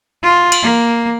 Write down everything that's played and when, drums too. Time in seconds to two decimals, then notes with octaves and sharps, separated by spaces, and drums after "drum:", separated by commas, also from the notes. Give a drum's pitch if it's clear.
0.23 F4
0.52 drum: cymbal
0.63 A#3